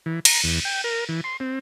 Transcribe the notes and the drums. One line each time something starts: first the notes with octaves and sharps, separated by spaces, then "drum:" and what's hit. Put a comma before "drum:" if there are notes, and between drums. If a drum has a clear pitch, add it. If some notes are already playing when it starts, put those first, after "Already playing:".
E3
A#5, drum: cymbal
E2
G5
A#4
E3
C6
C4